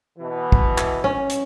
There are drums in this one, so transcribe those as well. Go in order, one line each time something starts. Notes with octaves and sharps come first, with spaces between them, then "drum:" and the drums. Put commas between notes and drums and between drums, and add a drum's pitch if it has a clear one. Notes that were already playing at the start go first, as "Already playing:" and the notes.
B2 E3
drum: kick
drum: clap
C#4
drum: hi-hat